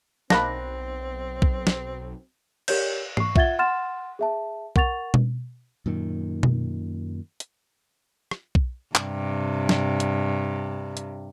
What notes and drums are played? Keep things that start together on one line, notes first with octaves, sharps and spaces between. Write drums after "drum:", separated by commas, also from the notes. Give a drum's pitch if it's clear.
B1 D#3 A#3 C4 D4 B5 F#6 A#6, drum: snare
drum: kick B1
drum: snare
G4 A#4 C#5 G6, drum: cymbal
C#6 C7, drum: tom G#2
F4 E5 F#5 G#6 A6 G7, drum: kick B1
F#5 C6 F6 A6 E7
G#4 E5 A5
A#4 F#5 C#6 A6 F7, drum: kick B1
drum: tom B2
F#2 A#2 D#3
drum: tom B2
drum: hi-hat
drum: rim click
drum: kick B1
G2 C3, drum: clap
drum: snare
drum: hi-hat
drum: hi-hat